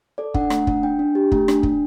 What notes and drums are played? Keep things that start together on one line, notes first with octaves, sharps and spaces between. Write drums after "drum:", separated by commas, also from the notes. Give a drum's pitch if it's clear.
A4 D5
D4 F#5, drum: kick
A3, drum: rim click
D4, drum: kick
D4 G5
D4
G4
A3, drum: kick
D4, drum: rim click
D4, drum: kick